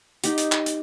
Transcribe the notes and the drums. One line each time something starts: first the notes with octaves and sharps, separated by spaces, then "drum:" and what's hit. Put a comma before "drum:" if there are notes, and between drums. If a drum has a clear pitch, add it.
D#4 G4, drum: hi-hat
drum: hi-hat
drum: clap
drum: hi-hat